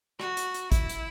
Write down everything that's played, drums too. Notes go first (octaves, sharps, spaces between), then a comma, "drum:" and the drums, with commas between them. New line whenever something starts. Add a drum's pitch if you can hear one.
F#4, drum: rim click
drum: hi-hat
drum: hi-hat
E4, drum: kick, hi-hat
drum: hi-hat